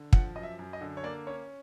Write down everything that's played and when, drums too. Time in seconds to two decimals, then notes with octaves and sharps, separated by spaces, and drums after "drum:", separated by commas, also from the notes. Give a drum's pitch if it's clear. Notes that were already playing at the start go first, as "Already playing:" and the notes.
Already playing: D3
0.13 F3 F#5, drum: kick
0.35 F#2 D#5
0.43 E5
0.59 F#2
0.73 D#5
0.81 D3
0.97 C#5
1.04 A#3 D5
1.27 C#4 C#5